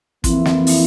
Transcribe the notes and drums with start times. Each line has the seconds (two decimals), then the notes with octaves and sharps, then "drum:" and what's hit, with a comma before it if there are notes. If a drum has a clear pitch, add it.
0.24 F2 E3 A#3 C4 E4, drum: kick, hi-hat
0.46 drum: snare
0.67 drum: open hi-hat